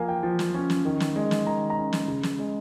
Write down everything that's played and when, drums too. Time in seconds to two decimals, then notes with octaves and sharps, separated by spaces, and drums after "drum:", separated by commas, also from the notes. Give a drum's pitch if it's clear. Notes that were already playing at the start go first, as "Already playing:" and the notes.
Already playing: F3 A#3 F5 G#5
0.08 G5
0.23 F3
0.39 drum: snare
0.54 C#4
0.70 drum: snare
0.85 D#3
1.00 drum: snare
1.16 G#3
1.31 drum: snare
1.46 D#3 A#5
1.70 A#5
1.77 C#4
1.93 drum: snare
2.08 C#3
2.23 drum: snare
2.39 G#3